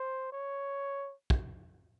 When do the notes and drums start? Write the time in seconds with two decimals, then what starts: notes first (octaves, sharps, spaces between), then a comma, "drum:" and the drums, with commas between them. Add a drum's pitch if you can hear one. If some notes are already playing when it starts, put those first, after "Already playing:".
Already playing: C5
0.32 C#5
1.30 drum: kick